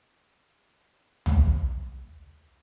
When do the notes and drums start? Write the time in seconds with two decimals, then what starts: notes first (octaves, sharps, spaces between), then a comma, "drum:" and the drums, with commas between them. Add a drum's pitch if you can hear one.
0.18 G#4 C#5 D#5
0.74 F#4 A#4 D#5 E5 D6
1.26 drum: tom B1
1.45 D#4